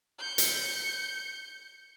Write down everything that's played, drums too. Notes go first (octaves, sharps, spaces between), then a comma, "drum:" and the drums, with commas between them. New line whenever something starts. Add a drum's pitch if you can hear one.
G6 C#7
drum: hi-hat